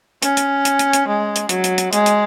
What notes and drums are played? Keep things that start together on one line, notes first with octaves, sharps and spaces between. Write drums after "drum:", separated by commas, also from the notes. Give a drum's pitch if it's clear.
C#4, drum: hi-hat
drum: hi-hat
drum: hi-hat
drum: hi-hat
drum: hi-hat
G#3
drum: hi-hat
F#3, drum: hi-hat
drum: hi-hat
drum: hi-hat
G#3, drum: hi-hat
drum: hi-hat